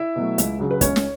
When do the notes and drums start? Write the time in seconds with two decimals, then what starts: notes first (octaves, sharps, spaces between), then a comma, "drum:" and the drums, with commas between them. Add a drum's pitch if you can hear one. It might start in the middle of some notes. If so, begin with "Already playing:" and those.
Already playing: E4 E5
0.16 B2 F#3 A3
0.38 C#2, drum: hi-hat
0.59 C#3 F#3
0.71 B4
0.81 C#2 C#4 C#5, drum: kick, hi-hat
0.96 drum: snare